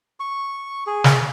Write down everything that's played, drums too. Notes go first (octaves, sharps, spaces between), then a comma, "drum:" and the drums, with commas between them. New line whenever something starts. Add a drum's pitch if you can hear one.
C#6
G#4
drum: snare